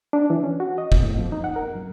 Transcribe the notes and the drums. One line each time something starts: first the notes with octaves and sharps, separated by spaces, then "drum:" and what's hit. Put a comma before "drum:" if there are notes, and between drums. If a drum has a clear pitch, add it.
D4
E3
C#4
F#4
D#5
drum: kick
A2
F3
D#4
F#5
A#4
F#2